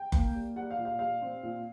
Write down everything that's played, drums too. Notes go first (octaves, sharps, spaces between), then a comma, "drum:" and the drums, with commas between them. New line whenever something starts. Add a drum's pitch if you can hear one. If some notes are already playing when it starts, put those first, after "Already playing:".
Already playing: G5
A#3, drum: kick F#1
G3
G3 F#5
F5
A#2
F5
G3 F5
C4
A#2